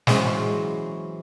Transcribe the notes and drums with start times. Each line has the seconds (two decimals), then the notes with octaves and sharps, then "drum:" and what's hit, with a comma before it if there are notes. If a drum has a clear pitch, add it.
0.07 E3 F#3 G#3 C#4 C5, drum: snare